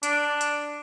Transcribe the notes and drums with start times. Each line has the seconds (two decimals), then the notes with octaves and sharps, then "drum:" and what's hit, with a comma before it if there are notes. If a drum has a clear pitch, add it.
0.03 D4, drum: hi-hat
0.41 drum: hi-hat